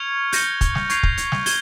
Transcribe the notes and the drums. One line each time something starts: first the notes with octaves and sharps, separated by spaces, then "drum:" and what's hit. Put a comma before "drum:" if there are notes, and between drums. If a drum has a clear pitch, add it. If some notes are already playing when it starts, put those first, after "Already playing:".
Already playing: C#6 F6 G#6 C#7 F7
G6 A#6 C#7 G7, drum: open hi-hat
drum: kick, hi-hat
drum: snare
C#6 G#6 C7 F7, drum: hi-hat
drum: kick
drum: hi-hat
drum: snare
G#6 G7, drum: open hi-hat